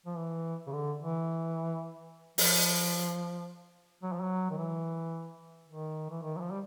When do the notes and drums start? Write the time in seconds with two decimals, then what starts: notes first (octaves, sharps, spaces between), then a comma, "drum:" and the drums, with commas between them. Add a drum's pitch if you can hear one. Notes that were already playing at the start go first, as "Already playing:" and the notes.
0.06 F3
0.17 E3
0.67 C#3
0.73 D3
1.00 E3
2.38 F3, drum: open hi-hat
4.03 F#3
4.12 F3
4.21 F#3
4.50 D#3
4.58 E3
5.68 D#3
6.10 E3
6.22 D#3
6.36 F#3
6.41 F3
6.51 G3